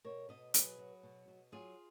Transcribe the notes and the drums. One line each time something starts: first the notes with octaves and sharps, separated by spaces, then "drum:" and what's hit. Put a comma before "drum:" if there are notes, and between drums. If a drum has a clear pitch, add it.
B2 A#4 C#5
B2 B4 D#5
F#3 G#4 B4, drum: hi-hat
F#3
B2
B2
F#3 F4 G#4